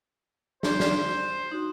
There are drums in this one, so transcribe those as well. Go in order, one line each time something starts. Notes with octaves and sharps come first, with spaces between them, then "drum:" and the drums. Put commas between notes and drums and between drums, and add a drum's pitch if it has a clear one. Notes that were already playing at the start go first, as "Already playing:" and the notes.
C5, drum: snare
drum: snare
D#4 F#4